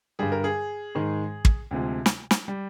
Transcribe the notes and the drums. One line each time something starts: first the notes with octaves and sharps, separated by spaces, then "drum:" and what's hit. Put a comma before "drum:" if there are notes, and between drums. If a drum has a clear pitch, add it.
G2 D3 G3 G#4
A#4
G#4
G#2 D#3 G#3
drum: kick
D2 C3 F3 G#3
drum: snare
drum: snare
G3